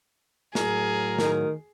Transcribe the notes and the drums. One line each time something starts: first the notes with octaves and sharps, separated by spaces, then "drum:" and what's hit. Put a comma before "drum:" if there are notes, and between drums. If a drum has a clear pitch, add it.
A2 F#3 G#4 A#4, drum: snare
D#3, drum: snare